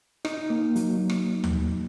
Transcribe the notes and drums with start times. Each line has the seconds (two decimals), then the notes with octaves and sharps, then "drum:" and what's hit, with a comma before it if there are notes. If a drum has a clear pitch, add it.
0.25 D#4, drum: rim click
0.50 A#3
0.76 F#3, drum: hi-hat
1.10 drum: rim click
1.44 drum: tom D#2